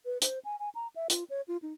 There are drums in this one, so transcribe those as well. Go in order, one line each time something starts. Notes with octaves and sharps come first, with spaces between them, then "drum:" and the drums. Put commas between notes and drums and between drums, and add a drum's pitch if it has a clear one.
B4
C5, drum: hi-hat
G#5
G#5
A#5
E5
F4, drum: hi-hat
C#5
F4
D#4